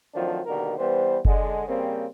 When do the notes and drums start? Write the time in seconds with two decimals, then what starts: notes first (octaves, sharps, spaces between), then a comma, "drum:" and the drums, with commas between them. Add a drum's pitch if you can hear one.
0.14 D#3 F3 F#3 A3 C4 D4
0.45 B2 D3 D#3 G3 A#3 A#4
0.78 E3 G3 B3 C5
1.25 D3 G#3, drum: kick F#1
1.67 C#3 G3 A#3 C4